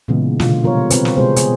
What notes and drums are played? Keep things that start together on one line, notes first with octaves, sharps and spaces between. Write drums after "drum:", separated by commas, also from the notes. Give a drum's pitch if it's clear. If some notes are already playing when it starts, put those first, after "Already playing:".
A#2 C#3 E3 G#3 B3
B2 D3 F4, drum: snare
G3 F4 A#4 C5 C#5
C4 B4 C5, drum: hi-hat
drum: snare
C3 G#3 B3 F#4 G#4 C5
G#4, drum: hi-hat